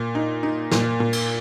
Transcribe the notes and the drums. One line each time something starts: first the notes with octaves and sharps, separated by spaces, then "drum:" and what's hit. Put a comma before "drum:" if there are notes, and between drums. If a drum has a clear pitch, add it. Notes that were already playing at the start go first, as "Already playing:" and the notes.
Already playing: A#2
D#4
D#4
A#2, drum: snare
A#2
drum: cymbal